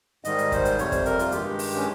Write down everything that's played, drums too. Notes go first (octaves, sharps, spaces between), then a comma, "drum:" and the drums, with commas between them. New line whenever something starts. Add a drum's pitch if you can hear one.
G#2 D#3 G3 D#5, drum: hi-hat
drum: hi-hat
C5, drum: kick, hi-hat
drum: hi-hat
F2 C3 G3 C#5, drum: hi-hat
C5, drum: kick, hi-hat
A#4, drum: hi-hat
F4, drum: hi-hat
G2 D#3 G#3 G4, drum: hi-hat
drum: open hi-hat
C#4